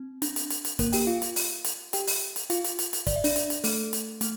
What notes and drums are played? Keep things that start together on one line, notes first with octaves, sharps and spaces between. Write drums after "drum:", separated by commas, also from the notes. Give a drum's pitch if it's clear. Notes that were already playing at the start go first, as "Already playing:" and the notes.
Already playing: C4
D4, drum: hi-hat
drum: hi-hat
drum: hi-hat
drum: hi-hat
A#3 A#4, drum: kick, hi-hat
G4 G5, drum: open hi-hat
F4 F5
drum: hi-hat
drum: open hi-hat
drum: hi-hat
G4 G5, drum: hi-hat
drum: open hi-hat
drum: hi-hat
F4 F5, drum: hi-hat
drum: hi-hat
drum: hi-hat
drum: hi-hat
D5, drum: kick, hi-hat
E5
D4 D5, drum: open hi-hat
drum: hi-hat
drum: hi-hat
A3 A4, drum: open hi-hat
drum: hi-hat
A3, drum: hi-hat